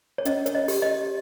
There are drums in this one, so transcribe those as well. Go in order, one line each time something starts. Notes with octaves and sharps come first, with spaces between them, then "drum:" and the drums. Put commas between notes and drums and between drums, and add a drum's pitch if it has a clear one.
C#5
C#4 D#5, drum: hi-hat
C#5, drum: hi-hat
D#5
G4, drum: open hi-hat
D#5